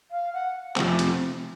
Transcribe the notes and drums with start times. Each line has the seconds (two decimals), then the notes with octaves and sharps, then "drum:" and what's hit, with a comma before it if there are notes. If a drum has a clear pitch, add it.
0.11 F5
0.33 F#5
0.76 F2 C3 F3 A3 C4, drum: clap
0.99 drum: hi-hat